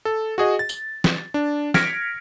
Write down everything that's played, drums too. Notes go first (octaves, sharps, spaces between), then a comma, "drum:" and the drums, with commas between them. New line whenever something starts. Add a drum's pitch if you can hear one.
A4
F#4 G#4 D#5
A6
drum: tambourine
drum: snare
D4
F6 G#6 A#6 B6 C#7 D7, drum: snare